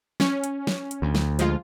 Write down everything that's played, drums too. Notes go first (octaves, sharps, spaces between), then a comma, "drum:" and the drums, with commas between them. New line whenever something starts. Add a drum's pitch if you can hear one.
C#4, drum: snare
drum: hi-hat
drum: snare
drum: hi-hat
D2
drum: snare
F3 G#3 F4, drum: hi-hat